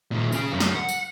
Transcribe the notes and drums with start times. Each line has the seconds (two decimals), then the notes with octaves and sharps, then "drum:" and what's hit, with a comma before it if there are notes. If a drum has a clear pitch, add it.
0.11 D#2 A#2
0.32 C#3 G#5, drum: tambourine
0.51 F#2
0.60 drum: snare
0.75 F#5
0.89 drum: tambourine